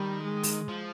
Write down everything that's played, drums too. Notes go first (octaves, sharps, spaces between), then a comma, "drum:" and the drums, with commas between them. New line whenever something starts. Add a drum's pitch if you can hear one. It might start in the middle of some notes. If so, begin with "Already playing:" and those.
Already playing: D#3 G3
G#3
drum: open hi-hat
F3